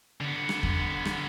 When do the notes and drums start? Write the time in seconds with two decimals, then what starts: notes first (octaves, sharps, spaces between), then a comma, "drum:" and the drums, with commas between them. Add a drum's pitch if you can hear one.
0.21 D3 B3
0.49 drum: rim click
0.63 drum: kick E2
1.05 drum: rim click